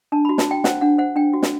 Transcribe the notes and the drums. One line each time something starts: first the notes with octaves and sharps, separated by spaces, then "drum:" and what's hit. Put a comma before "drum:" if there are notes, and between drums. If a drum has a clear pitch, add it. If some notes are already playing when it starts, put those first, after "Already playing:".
D4 A5
F#4 B5
A5, drum: snare
F#4 G5
C5 F#5, drum: snare
D4 F#5
C5 F#5
D4 G5
F#4
drum: snare